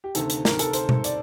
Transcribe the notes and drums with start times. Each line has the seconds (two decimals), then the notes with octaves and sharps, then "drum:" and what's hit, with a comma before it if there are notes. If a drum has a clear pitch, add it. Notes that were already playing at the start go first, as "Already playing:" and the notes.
0.04 G4
0.15 D2 C3 D#3 A4, drum: hi-hat
0.30 drum: hi-hat
0.45 A#4, drum: snare
0.59 A4, drum: hi-hat
0.67 A#4
0.73 C5, drum: hi-hat
0.89 drum: tom B2
1.04 D5, drum: hi-hat